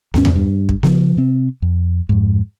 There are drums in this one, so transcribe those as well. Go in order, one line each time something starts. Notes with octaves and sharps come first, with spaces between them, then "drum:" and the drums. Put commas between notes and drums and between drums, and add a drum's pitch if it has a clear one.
D#2 G#2 C#4, drum: snare B3
drum: tom E2
G2
drum: kick
C#3 F3, drum: snare B3
C3 C4
F2
F2 G#2